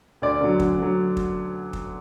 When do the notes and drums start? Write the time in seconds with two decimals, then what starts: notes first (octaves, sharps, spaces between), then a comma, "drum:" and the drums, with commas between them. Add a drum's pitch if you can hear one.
0.22 D2 D5
0.41 D3 F#3
0.60 D2, drum: kick
0.78 D3 F#3
1.17 drum: kick
1.73 drum: kick